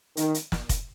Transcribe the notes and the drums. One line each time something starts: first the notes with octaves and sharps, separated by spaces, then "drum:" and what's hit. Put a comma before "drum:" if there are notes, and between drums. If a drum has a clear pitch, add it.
D#3, drum: hi-hat
drum: hi-hat
drum: snare
drum: kick F1, hi-hat